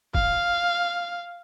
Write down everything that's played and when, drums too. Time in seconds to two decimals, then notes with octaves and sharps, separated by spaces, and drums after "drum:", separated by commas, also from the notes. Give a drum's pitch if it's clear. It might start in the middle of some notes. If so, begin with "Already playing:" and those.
0.15 F5, drum: kick